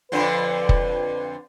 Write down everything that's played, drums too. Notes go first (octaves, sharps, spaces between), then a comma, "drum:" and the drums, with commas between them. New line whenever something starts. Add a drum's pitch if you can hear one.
F2 D3 F3 B4
drum: kick